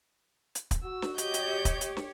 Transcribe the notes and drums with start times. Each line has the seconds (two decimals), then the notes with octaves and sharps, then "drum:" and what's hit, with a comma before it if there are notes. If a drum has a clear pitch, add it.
0.55 drum: hi-hat
0.71 drum: kick, hi-hat
0.83 F#4 E6
1.02 drum: snare
1.18 G4 C#5 D#5 G6, drum: hi-hat
1.34 drum: hi-hat
1.65 drum: kick, hi-hat
1.81 drum: hi-hat
1.97 drum: snare